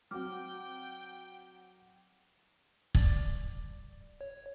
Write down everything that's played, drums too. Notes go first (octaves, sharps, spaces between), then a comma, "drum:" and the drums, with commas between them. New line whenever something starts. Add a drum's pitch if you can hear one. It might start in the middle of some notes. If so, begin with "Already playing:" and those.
F#3 C4 F#4 G5 D6 F6
G2 D5 A6, drum: kick
C#5